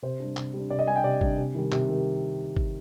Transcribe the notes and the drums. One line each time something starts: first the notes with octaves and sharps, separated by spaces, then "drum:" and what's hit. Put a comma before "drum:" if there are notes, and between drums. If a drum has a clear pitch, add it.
C3 C5
G3 D4
C3, drum: clap
G3 D4
C3 D5
D#5
G3 D4 G#5
G5
C3 D5
G3 D4, drum: kick
C3
D#3 G3
C3, drum: clap
D#3 G3
drum: kick